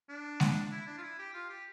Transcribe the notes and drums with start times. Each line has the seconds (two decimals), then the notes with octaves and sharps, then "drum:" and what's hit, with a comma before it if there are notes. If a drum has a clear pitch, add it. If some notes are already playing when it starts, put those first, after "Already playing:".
0.09 D4
0.40 drum: snare G#3
0.72 E4
0.87 D4
0.98 F4
1.03 E4
1.19 G4
1.34 F4
1.49 G4